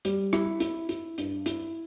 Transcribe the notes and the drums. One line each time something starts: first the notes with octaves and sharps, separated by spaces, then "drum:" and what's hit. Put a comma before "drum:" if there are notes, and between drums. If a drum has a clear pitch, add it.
G3, drum: hi-hat
E4, drum: rim click
E4, drum: hi-hat
E4, drum: hi-hat
G2, drum: hi-hat
E4, drum: hi-hat